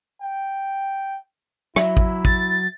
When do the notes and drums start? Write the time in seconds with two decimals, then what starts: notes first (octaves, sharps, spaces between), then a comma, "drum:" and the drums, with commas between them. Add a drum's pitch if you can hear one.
0.22 G5
1.76 F#3 E4 E5, drum: rim click
1.97 drum: kick
2.25 A6, drum: kick